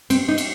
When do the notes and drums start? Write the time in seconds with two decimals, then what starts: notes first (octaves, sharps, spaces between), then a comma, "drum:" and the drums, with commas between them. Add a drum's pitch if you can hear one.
0.10 C4, drum: cymbal
0.28 D#4
0.38 drum: cymbal